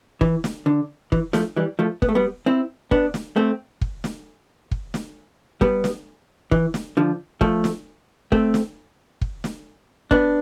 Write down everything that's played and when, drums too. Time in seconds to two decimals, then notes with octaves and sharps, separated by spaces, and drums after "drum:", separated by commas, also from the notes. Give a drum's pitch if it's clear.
0.21 E3, drum: kick
0.44 drum: snare
0.66 D3
1.12 E3, drum: kick
1.33 F3 A3, drum: snare
1.56 E3 G3
1.79 F3 A3
2.02 B3, drum: kick
2.09 A3
2.15 G3 B3
2.46 C4 E4
2.91 B3 D4, drum: kick
3.14 drum: snare
3.36 A3 C4
3.81 drum: kick
4.04 drum: snare
4.71 drum: kick
4.94 drum: snare
5.61 G3 B3, drum: kick
5.84 drum: snare
6.51 E3, drum: kick
6.74 drum: snare
6.97 D3 F3
7.41 F3 A3, drum: kick
7.64 drum: snare
8.32 A3 C4, drum: kick
8.54 drum: snare
9.21 drum: kick
9.44 drum: snare
10.11 B3 D4, drum: kick